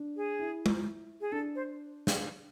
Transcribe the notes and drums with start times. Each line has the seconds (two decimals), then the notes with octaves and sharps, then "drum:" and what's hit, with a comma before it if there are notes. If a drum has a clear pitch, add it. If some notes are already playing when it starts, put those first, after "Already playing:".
Already playing: D4
0.16 G#4
0.39 E4
0.66 drum: tom G#3
1.21 G#4
1.32 D4 A4
1.55 C5
2.07 drum: snare